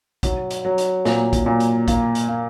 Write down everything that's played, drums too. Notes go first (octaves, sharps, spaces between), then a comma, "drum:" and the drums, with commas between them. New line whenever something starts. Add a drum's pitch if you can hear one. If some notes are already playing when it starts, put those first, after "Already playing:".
F#3, drum: kick, hi-hat
drum: hi-hat
F#3
drum: hi-hat
A#2, drum: snare
drum: kick, hi-hat
A#2
drum: hi-hat
A#3, drum: kick, hi-hat
drum: hi-hat
A#3